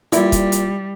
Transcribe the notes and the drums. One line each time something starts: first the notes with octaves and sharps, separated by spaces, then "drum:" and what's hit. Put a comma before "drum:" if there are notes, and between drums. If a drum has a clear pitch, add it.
A#2 G3 E4, drum: hi-hat
drum: kick, hi-hat
drum: hi-hat